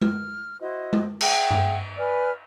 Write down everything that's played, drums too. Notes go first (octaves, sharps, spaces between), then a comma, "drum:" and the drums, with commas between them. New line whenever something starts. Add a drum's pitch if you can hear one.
F6, drum: tom G#3
E4 F#4 C5 D#5
drum: tom G#3
G#4 E5 F#5 G5, drum: cymbal
drum: tom G2
B4 D5 G#5 F6